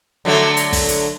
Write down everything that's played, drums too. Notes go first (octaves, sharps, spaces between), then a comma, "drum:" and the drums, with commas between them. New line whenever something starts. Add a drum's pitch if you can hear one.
D3 F#3 A3
drum: hi-hat
drum: kick, open hi-hat
drum: hi-hat